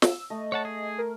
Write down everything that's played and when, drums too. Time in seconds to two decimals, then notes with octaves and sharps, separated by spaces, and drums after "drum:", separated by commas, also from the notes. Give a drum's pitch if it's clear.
0.02 E6, drum: snare
0.30 A3 D#5
0.52 C#5 F#5 A5
0.65 G#4
0.99 A#4